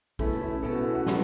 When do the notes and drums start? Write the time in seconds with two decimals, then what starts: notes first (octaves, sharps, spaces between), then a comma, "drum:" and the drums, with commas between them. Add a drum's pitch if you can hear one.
0.19 B2 A3 C#4 E4, drum: kick A#1
0.41 E4
0.63 B2 A3 C#4 A4
0.73 F#4
0.84 E4
0.95 F#4
1.06 B2 F#3 A3 E4, drum: snare